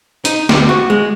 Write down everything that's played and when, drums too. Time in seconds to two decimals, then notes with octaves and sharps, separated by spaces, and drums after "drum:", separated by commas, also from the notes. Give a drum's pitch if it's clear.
0.25 D#4, drum: hi-hat
0.49 D2, drum: snare
0.69 F#4
0.90 G#3